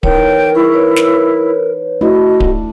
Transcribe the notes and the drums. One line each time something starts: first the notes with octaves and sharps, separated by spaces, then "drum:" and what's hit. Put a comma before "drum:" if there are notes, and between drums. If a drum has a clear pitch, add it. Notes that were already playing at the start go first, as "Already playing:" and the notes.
E3 D#4 A#4 C#5 G5, drum: kick D1
E4 G#4 C#6
B4 C#5
drum: snare
A3 D4 E4 F#4 D#5
drum: kick D1